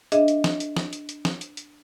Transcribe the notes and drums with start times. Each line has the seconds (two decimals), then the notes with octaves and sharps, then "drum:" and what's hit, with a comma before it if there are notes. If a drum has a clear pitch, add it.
0.12 D4 G#4 D#5 E5, drum: hi-hat
0.28 drum: hi-hat
0.44 drum: snare
0.60 drum: hi-hat
0.77 drum: snare
0.93 drum: hi-hat
1.09 drum: hi-hat
1.25 drum: snare
1.41 drum: hi-hat
1.57 drum: hi-hat